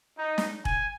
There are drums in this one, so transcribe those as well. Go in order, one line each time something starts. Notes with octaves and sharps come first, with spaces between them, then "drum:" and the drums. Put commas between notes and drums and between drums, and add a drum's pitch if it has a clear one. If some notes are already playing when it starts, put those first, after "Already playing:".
D#4
drum: snare
G#5, drum: kick